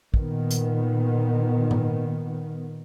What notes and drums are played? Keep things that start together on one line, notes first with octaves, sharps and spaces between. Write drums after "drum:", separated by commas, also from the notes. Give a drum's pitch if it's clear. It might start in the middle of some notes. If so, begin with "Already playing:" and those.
A#2 D#3 B3, drum: kick
drum: hi-hat
drum: tom G#2